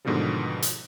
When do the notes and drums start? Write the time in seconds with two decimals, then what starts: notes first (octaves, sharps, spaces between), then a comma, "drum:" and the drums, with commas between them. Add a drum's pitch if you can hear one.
0.05 G#2 B2 D3 D#3 F3 G3
0.62 drum: hi-hat